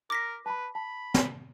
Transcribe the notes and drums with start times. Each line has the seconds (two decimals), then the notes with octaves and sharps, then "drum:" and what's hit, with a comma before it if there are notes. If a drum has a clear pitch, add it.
0.10 A#4 D6 A#6 B6
0.46 B4 A5 B5
0.75 A5 B5
1.14 drum: snare